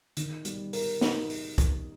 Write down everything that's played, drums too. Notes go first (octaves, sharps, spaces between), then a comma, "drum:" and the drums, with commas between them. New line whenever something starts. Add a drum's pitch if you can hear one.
D#3, drum: hi-hat
G3, drum: hi-hat
A#4, drum: open hi-hat
D#4, drum: snare
drum: open hi-hat
drum: kick, hi-hat